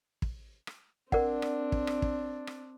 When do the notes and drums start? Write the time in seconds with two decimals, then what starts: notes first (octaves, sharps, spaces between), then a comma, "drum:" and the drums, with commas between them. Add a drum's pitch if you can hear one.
0.22 drum: kick
0.67 drum: rim click
1.12 C4 D4 A#4 D5 F#5, drum: kick
1.42 drum: rim click
1.72 drum: kick
1.87 drum: rim click
2.02 drum: kick
2.47 drum: rim click